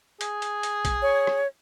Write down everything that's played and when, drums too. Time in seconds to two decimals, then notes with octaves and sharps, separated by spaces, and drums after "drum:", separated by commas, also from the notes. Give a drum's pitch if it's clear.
0.21 G#4, drum: hi-hat
0.42 drum: hi-hat
0.63 drum: hi-hat
0.85 drum: kick, hi-hat
1.02 C#5
1.27 drum: rim click